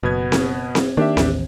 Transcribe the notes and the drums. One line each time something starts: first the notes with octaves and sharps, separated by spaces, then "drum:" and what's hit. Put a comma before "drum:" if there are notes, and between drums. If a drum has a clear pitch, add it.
F#1 B2 B3 G#6
drum: snare C4
drum: snare C4
D#3 A#3 D4 G4 E5
A1 D#2, drum: snare C4